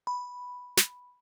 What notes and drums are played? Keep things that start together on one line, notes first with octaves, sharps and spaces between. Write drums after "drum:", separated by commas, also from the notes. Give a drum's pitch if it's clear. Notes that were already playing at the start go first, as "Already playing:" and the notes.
B5
drum: snare